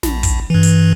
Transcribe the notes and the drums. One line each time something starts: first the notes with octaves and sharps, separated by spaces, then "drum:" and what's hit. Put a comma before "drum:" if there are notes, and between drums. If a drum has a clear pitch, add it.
A#1, drum: snare
drum: kick, hi-hat
G2 E3
drum: hi-hat